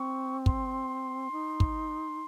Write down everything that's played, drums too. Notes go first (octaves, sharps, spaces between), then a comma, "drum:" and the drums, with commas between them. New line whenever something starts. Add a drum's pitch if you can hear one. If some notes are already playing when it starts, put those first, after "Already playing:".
Already playing: C4 C#6
C6, drum: kick
D#4
drum: kick